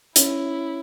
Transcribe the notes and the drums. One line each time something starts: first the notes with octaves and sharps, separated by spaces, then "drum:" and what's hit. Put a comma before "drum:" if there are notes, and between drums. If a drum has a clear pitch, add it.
C#4 E4, drum: hi-hat